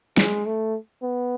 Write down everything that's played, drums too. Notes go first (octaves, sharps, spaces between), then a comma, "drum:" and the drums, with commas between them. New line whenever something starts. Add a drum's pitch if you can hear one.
G#3, drum: snare
A3
B3